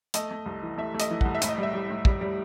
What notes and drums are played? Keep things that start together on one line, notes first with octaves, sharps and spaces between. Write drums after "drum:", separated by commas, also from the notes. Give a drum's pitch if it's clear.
A3 D#5, drum: hi-hat
A3
C2
E3
A3 E5
A3
D#5, drum: hi-hat
E3
C2 F#5, drum: kick
E5
A2, drum: hi-hat
D#5
G3 E5
G3
A2
G3, drum: kick
G3